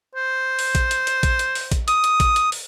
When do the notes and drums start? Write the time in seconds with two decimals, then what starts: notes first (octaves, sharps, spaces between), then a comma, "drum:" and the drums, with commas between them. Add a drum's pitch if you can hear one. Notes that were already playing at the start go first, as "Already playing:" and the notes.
0.15 C5
0.59 drum: open hi-hat
0.75 drum: kick, hi-hat
0.91 drum: hi-hat
1.07 drum: hi-hat
1.23 drum: kick, hi-hat
1.39 drum: hi-hat
1.55 drum: open hi-hat
1.72 drum: kick, hi-hat
1.88 D#6, drum: hi-hat
2.04 drum: hi-hat
2.20 drum: kick, hi-hat
2.36 drum: hi-hat
2.52 drum: open hi-hat